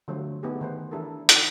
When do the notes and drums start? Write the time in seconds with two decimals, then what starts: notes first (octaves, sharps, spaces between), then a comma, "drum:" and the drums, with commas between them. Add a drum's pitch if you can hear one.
0.08 D3 F3 F#3 A3 C5 C#5
0.43 A3 B3 D#4 G4 G#4
0.61 D#3 B4 C5
0.91 E3 D4 E4 G4 A4 A#4
1.29 D#4 E4, drum: hi-hat